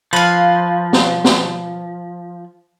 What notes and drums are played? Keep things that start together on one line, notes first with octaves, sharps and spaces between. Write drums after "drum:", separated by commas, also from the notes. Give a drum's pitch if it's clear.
F3 B4 F5
drum: snare
drum: snare